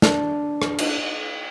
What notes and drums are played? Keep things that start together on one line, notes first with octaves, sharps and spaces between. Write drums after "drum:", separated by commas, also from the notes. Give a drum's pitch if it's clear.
D4, drum: snare
drum: rim click
drum: cymbal